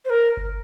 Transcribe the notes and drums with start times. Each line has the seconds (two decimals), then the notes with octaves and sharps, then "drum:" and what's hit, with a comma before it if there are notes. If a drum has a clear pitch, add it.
0.05 C5
0.10 A#4
0.37 drum: kick G1